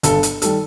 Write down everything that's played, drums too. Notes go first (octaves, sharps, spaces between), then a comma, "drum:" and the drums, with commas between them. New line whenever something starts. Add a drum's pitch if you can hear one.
G1 A4, drum: hi-hat
drum: hi-hat
D#3 G3 A4, drum: hi-hat